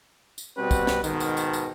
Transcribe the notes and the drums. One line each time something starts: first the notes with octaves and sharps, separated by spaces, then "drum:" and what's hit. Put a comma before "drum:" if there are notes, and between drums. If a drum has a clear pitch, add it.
drum: tambourine
B2 G3 C4 F#4 B4
drum: kick, tambourine
drum: snare
G#2 B2 D#3, drum: tambourine
drum: tambourine
drum: tambourine
drum: tambourine